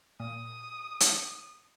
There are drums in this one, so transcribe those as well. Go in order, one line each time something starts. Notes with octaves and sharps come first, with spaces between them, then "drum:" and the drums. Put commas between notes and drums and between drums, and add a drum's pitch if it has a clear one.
A#2 D#6
drum: hi-hat